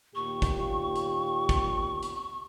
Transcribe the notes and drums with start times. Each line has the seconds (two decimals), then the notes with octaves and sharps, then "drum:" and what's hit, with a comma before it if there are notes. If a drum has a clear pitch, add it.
0.15 D#2 A#2 G4 C#6
0.42 drum: kick, hi-hat
0.96 drum: hi-hat
1.49 drum: kick, hi-hat
2.03 drum: hi-hat